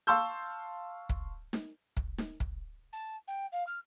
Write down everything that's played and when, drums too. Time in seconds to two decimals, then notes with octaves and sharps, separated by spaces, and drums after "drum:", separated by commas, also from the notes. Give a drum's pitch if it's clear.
0.07 F5 A5 C6 C#6 E6 G6
1.09 drum: kick
1.53 drum: snare D#4
1.97 drum: kick
2.18 drum: snare D#4
2.40 drum: kick
2.92 A5
3.27 G5
3.52 F5
3.67 F6